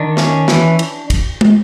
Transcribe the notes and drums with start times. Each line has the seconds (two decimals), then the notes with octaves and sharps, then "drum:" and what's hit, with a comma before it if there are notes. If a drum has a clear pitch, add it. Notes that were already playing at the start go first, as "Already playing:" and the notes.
Already playing: D#3 D4
0.17 C#4, drum: snare
0.48 E3, drum: snare
0.79 drum: cymbal
1.10 drum: kick, cymbal
1.41 drum: tom